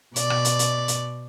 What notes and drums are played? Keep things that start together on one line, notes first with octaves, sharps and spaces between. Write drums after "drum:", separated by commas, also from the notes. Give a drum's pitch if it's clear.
B2 D5, drum: hi-hat
drum: rim click
drum: hi-hat
drum: hi-hat
drum: hi-hat